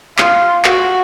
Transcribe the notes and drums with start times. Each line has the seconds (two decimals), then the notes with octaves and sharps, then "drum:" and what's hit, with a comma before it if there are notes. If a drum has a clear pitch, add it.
0.18 F4, drum: clap
0.65 F#4, drum: clap